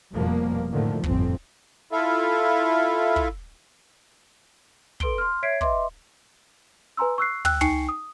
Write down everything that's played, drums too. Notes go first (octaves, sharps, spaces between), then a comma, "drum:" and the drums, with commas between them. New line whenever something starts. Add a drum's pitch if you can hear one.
F1 B2 F3 G3 A#3
A2 D3 D#3 F3 A3
G1 F2 A2 C4, drum: kick
E4 F4 A4 E5 F5
drum: kick
A4 B4 C6 D7 G7, drum: kick
C6 F6
C#5 E5 G#6 B6 C7 D7
B4 D#5 E5 C6 D6, drum: kick
B4 G#5 A#5 C6 E6
C#6 E6 F#6 C7
G5 E6 F#6, drum: tom
D#4 G5 G#5 C#6 C7 C#7, drum: tom
D#6